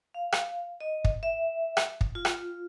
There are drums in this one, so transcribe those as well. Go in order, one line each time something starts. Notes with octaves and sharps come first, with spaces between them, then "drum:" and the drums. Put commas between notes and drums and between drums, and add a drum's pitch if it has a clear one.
F5
drum: rim click
D#5
drum: kick
E5
drum: rim click
drum: kick
F4
drum: rim click